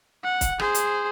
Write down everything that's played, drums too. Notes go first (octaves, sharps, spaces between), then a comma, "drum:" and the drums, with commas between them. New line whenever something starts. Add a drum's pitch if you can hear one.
F#5
drum: kick, hi-hat
G#4 C5, drum: rim click
drum: hi-hat